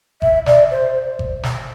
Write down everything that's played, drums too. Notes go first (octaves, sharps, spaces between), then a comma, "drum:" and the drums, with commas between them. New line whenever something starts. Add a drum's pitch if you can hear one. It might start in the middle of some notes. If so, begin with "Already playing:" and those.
E5, drum: kick G1
D5, drum: snare
C5
drum: kick G1
drum: snare